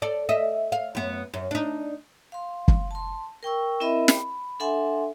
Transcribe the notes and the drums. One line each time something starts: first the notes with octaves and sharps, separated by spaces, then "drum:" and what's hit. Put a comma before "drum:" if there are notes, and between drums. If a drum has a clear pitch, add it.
A4 D5
D#5 E5
F5
F#2 B3
F#2
D4 D#4
F5 C6
drum: kick
A5 C6
A#4 G5 C#6 E6
C4 E4 A#4 D#5 E5 B5
B5, drum: snare
D4 A4 E5 F#5 G#5 C6